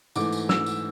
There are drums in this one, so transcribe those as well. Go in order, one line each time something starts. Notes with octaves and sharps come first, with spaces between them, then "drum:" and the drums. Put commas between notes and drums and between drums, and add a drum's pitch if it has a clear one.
G#2 E3 A3 D6, drum: tambourine
drum: tambourine
E6, drum: snare
drum: tambourine